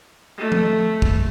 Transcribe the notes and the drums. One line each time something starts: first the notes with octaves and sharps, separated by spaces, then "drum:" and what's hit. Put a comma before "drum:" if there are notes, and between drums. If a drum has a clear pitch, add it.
A3
drum: tom F3
drum: kick